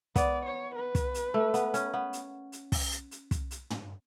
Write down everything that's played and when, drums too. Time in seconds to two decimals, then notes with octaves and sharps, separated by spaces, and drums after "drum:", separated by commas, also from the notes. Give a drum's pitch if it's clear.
0.16 B3 D5, drum: kick, hi-hat
0.46 C#5
0.76 B4
0.95 drum: kick, hi-hat
1.14 drum: hi-hat
1.34 A3
1.54 B3, drum: hi-hat
1.74 C#4, drum: hi-hat
1.94 B3
2.13 drum: hi-hat
2.52 drum: hi-hat
2.72 drum: kick, open hi-hat
2.92 drum: hi-hat
3.11 drum: hi-hat
3.31 drum: kick, hi-hat
3.51 drum: hi-hat
3.70 drum: tom